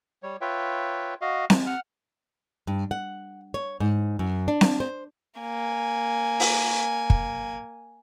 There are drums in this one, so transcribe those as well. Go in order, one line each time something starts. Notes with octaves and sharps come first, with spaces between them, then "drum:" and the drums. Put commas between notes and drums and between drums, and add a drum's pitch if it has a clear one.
G3 C#5
F4 B4 C#5 E5 G5
F#4 D#5 F5
G#3, drum: snare C4
F#5 F6
G2
F#5
C#5
G#2
F#2
D4
drum: snare C4
C5
A#3 G#5
drum: open hi-hat
drum: kick